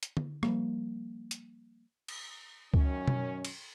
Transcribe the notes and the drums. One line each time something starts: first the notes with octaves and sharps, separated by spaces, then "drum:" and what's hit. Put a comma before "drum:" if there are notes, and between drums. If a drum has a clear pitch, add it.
drum: hi-hat
drum: tom D3
F3 G3 A#3, drum: rim click
drum: hi-hat
drum: cymbal
F#2 D#3 C#4, drum: kick C#2
drum: tom B2
drum: cymbal